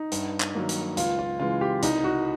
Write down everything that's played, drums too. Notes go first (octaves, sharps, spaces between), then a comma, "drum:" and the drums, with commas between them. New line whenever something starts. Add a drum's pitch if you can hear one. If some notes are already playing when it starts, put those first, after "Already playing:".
Already playing: D#4
G2, drum: hi-hat
drum: clap
D#3 F#3 A#3
drum: hi-hat
C#2 F4, drum: hi-hat
F4
C#3 E3 G#3 F4
G4
C2 D#4, drum: hi-hat
F#4